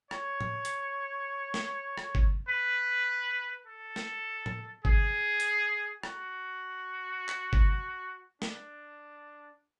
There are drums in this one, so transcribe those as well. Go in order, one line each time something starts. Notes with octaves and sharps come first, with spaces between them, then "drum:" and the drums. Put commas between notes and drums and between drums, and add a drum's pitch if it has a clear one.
C#5, drum: rim click
drum: tom A2
drum: hi-hat
drum: snare
drum: rim click
drum: kick
B4
A4
drum: snare
drum: tom A2
G#4, drum: kick
drum: hi-hat
F#4, drum: rim click
drum: clap
drum: kick
D4, drum: snare